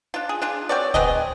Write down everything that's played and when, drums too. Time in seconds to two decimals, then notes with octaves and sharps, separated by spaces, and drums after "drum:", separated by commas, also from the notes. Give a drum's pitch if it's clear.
0.14 D4 F4
0.29 G#4
0.42 D4 F4 G#4
0.69 C4 F#4 C#5 D5
0.94 B3 C4 G#4 D#5, drum: kick